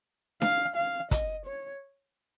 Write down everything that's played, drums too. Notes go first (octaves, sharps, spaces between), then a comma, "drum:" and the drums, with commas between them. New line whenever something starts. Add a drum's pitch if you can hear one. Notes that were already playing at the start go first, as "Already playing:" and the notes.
F5, drum: snare D4
F5
D#5, drum: kick, hi-hat
C#5